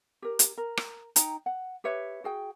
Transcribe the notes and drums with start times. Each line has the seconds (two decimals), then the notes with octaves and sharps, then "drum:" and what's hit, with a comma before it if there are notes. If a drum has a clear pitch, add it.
0.22 G4 A#4
0.39 drum: hi-hat
0.58 A#4
0.77 drum: rim click
1.16 D#4 G5 A#5, drum: hi-hat
1.46 F#5
1.84 G4 B4 C#5 E5
2.24 F#4 G#4 G5